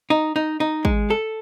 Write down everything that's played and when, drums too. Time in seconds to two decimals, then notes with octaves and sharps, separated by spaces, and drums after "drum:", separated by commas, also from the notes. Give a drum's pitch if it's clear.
0.10 D#4
0.36 D#4
0.60 D#4
0.85 G#3, drum: kick
1.10 A4